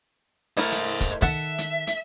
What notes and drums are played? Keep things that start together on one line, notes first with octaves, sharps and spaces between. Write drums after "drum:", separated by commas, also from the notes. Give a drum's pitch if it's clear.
A3 E4 A#4 C5 D#5
drum: hi-hat
drum: kick, hi-hat
D#3 A4 E5 F#5
drum: hi-hat
drum: hi-hat